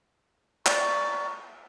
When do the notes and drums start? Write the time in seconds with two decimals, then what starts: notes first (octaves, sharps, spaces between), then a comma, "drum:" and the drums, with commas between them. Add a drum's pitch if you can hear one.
0.66 A#4 D5 C#6, drum: clap